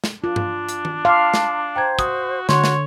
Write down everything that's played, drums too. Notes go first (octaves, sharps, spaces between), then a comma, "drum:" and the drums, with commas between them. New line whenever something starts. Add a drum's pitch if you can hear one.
drum: snare
D4 F4
drum: tom G2
drum: hi-hat
drum: tom D#3
F5 A5 C6 D6
drum: snare
C5 G5 A#5 G#6
F#4 D#6, drum: kick, hi-hat
D3 F#4 C#5 C6, drum: snare
drum: snare